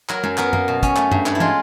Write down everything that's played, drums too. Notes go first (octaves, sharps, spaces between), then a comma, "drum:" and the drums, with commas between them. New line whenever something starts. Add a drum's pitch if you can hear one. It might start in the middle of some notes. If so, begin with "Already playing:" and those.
F#3 A#4, drum: clap
F#2, drum: tom
B3 A#4, drum: clap
A#3, drum: tom
B2
C#4, drum: kick, hi-hat
A3, drum: clap
G2, drum: tom
G2, drum: clap
E4
G#3 F4, drum: tom